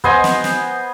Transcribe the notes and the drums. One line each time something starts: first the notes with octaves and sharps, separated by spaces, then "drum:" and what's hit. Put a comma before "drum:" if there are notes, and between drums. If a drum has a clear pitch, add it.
B3 C5 D#5 G#5, drum: kick
drum: snare
drum: snare